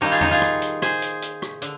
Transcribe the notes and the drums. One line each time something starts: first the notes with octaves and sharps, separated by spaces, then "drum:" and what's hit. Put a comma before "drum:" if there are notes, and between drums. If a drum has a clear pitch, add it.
D#3 G3 A#3 D#4 G4
F4 G#4
D#4 G4, drum: tom E2
F4 G#4
drum: rim click
drum: hi-hat
G#4 C5, drum: rim click
drum: hi-hat
drum: hi-hat
drum: rim click
D3, drum: hi-hat